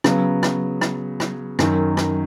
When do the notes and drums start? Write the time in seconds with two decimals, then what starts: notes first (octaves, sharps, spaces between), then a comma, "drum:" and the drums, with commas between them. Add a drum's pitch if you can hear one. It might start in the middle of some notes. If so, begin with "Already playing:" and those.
0.04 C#3 F#3 B3, drum: rim click
0.43 drum: rim click
0.81 drum: rim click
1.20 drum: rim click
1.59 F#2 D#3 F#3, drum: rim click
1.97 drum: rim click